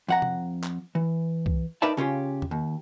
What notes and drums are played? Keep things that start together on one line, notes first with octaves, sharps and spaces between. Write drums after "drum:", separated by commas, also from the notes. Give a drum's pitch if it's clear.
F2 F#5 A#5
drum: tom C3
drum: clap
E3
drum: kick C2
D#4 A#4 B4 D5 E5 A5
C#3 C#4 F4 G4
drum: tom E2
D#2